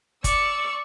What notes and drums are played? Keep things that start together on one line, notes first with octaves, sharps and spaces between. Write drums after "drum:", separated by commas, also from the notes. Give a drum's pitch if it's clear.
D5 C#6 E6, drum: kick F#1, hi-hat